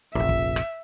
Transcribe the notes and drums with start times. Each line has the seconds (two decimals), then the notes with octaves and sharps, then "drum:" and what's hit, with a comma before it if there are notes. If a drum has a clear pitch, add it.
0.15 F1 A#1 E5
0.29 drum: kick
0.56 drum: rim click